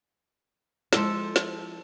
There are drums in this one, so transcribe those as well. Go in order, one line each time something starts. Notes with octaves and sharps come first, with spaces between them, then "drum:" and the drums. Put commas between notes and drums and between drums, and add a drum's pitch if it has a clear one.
F3 G#3 E4 G#4 A4, drum: snare
drum: snare